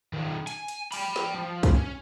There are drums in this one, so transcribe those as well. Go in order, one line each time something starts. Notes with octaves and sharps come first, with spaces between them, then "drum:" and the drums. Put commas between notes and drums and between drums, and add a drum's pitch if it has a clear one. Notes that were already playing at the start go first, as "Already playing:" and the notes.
D#3 C#4
G#5, drum: hi-hat
drum: hi-hat
G5 B5, drum: open hi-hat
drum: snare
F3
drum: kick, hi-hat
C#4